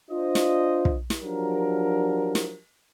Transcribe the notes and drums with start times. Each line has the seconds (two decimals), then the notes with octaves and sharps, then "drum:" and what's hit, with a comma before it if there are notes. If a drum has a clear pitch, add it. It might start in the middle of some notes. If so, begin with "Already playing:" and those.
0.10 D4 F4 C5 D#5
0.35 drum: snare
0.85 drum: kick
1.10 drum: snare
1.22 F3 F#3 D4 G4 A#4
2.35 drum: snare